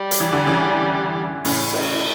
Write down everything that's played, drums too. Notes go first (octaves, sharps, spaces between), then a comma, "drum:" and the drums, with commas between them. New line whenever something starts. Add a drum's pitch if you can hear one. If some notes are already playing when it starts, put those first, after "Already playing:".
Already playing: G3
drum: hi-hat
E3
D3
C#3 E3
A2 C#3, drum: open hi-hat
drum: cymbal